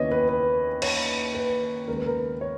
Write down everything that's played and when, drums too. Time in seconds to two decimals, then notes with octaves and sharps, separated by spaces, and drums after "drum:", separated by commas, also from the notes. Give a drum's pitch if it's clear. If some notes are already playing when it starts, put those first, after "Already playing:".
Already playing: D#2 C#3 E3 B3 C#5 D#5
0.12 B4
0.29 B4
0.82 C#5, drum: cymbal
1.35 B4
1.88 D#2 C#3 G#3 B3 A#4
1.97 B4
2.06 A#4
2.41 C#5